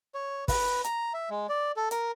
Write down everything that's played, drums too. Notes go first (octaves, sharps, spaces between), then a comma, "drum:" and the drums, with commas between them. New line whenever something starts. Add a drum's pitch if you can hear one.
C#5
B4, drum: kick, open hi-hat
A#5, drum: hi-hat
E5
G#3
D5
A4
A#4, drum: hi-hat